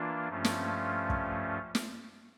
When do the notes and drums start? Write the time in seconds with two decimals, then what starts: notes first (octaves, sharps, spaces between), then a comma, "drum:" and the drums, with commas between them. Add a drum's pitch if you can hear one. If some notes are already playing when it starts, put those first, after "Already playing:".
Already playing: E3 A#3 D4 F4
0.28 G2 F3 A3 C#4 F4
0.45 drum: snare
1.10 drum: kick
1.75 drum: snare